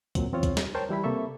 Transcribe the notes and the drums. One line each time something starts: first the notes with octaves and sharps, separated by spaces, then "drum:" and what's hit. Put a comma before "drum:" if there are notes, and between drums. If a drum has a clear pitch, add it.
A#2 F#3 C4, drum: kick, hi-hat
E2 C4 F4 C#5
drum: kick, hi-hat
drum: snare
A#4 C5 C#5 G5 A5
E3 G3 E4 B5
C3 A#3 A4 E5 C#6